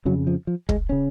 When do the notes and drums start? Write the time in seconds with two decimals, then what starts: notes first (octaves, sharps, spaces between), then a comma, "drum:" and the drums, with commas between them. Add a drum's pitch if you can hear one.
0.05 F2 C#3 F#3
0.27 F3
0.47 F3
0.69 G#3, drum: kick
0.89 C#3 C#4